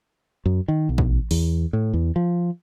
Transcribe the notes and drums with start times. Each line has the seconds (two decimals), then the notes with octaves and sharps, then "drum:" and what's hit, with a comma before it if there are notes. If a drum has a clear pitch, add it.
0.46 F#2
0.68 D#3
0.89 B1
0.98 drum: kick
1.31 E2, drum: open hi-hat
1.73 A2
1.94 E2
2.16 F3